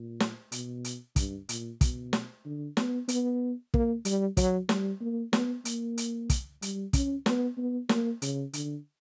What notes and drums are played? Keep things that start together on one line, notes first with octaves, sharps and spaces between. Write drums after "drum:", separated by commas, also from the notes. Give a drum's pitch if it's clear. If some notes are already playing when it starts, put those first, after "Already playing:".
Already playing: A#2
drum: snare
B2, drum: hi-hat
drum: hi-hat
G2, drum: kick, hi-hat
A#2, drum: hi-hat
B2, drum: kick, hi-hat
drum: snare
D3
B3, drum: snare
B3, drum: hi-hat
A#3, drum: kick
G3, drum: hi-hat
F#3, drum: kick, hi-hat
G3, drum: snare
A#3
B3, drum: snare
A#3, drum: hi-hat
drum: hi-hat
drum: kick, hi-hat
G3, drum: hi-hat
C#4, drum: kick, hi-hat
B3, drum: snare
B3
A#3, drum: snare
C#3, drum: hi-hat
D3, drum: hi-hat